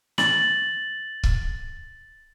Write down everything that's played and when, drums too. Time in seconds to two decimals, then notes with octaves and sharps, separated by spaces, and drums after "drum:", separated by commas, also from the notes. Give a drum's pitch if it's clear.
0.18 A6 F#7, drum: snare
1.23 drum: kick